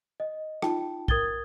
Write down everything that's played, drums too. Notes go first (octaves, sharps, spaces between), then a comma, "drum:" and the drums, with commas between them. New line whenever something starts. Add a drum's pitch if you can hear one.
D#5
D#4 F4 G5 A5, drum: rim click
A#4 D#6 G#6 A6 G7, drum: kick